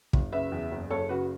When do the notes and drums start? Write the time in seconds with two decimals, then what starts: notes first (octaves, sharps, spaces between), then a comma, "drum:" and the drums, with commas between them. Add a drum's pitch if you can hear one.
0.13 F#1, drum: kick
0.32 C#3 B4 E5
0.52 E2
0.72 F#1
0.91 F#1 A4 C#5
1.09 C#3 F#4 B4